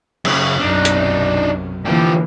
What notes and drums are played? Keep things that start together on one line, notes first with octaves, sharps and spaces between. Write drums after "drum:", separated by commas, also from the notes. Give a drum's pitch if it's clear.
F#2 C#3, drum: cymbal
B1 F#2 C3 D4 D#4
drum: hi-hat
D3 E3 F3 A#3 G4